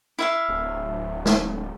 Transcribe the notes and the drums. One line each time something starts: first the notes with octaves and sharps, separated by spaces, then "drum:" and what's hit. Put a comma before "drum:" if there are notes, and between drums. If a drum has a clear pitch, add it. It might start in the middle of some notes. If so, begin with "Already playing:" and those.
E4 E5 F5
D1
drum: snare